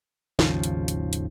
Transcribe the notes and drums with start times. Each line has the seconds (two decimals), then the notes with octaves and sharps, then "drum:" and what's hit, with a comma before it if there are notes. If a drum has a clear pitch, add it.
0.39 G#1 D#2 C#3 F3, drum: snare
0.63 drum: hi-hat
0.88 drum: hi-hat
1.13 drum: hi-hat